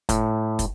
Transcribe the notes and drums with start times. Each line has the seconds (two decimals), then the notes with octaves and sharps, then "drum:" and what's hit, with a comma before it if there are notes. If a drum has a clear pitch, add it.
0.09 A2, drum: kick, hi-hat
0.59 drum: kick, hi-hat